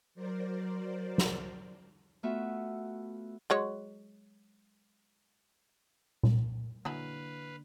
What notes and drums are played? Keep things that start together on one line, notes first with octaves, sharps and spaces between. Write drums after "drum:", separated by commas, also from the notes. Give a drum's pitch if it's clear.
F#3 A#4 C5 D5
drum: snare
A3 B3 F4 F#4 E5
F#3 G#3 C#5
drum: tom A#2
D3 E3 F#3 A#3 B4 F5 B5